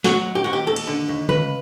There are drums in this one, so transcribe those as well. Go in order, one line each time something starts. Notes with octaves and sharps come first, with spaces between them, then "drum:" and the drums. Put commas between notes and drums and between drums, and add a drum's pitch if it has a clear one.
F#3 F#4, drum: snare
D#2
G4
D#2 F#4
G4
D#2 A4
drum: cymbal
D3
D#2
C#2 B4, drum: tom C#3